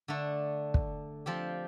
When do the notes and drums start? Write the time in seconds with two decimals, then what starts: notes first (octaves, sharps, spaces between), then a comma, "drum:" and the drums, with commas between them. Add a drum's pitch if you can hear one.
0.08 D3 A3 D4
0.74 drum: kick
1.26 F3 C4 G4